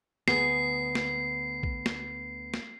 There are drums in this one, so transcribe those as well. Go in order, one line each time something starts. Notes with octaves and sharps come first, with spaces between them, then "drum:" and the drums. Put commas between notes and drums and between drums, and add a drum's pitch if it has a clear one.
D2 B3 G#4 C7, drum: snare
drum: snare
drum: kick A#1
drum: snare
drum: snare